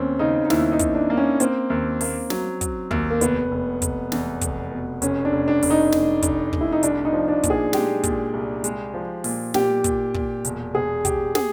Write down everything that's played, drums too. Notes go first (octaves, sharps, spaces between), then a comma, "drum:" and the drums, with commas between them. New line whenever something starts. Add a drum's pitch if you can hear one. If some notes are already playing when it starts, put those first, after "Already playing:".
Already playing: D#2 C4 C#4
C#3 D#4
D#4
D#2 E4, drum: snare
D#4
D#2, drum: kick, hi-hat
D4
A#3
C#4
A#3 C4, drum: hi-hat
D#2
A#3, drum: open hi-hat
F#3, drum: snare
F#3, drum: kick, hi-hat
D#2, drum: kick
A#3
F1 B3, drum: hi-hat
F1
F1, drum: kick, hi-hat
E2, drum: snare
F1, drum: kick, hi-hat
B2
F1 C#4, drum: hi-hat
D4
F1
D4
F1, drum: open hi-hat
D#4
F1, drum: snare
F1, drum: kick, hi-hat
F1, drum: kick
E4
D#4
C2 D4, drum: hi-hat
D#4
F3
D4
A#2, drum: kick, hi-hat
G#4
G#3 G4, drum: snare
A#2, drum: kick, hi-hat
C2
G#3, drum: hi-hat
F3
A#2, drum: open hi-hat
A#2 G4, drum: snare
A#2, drum: kick, hi-hat
A#2, drum: kick
E1, drum: hi-hat
E1 G#4
E1 G4, drum: kick, hi-hat
G#4, drum: snare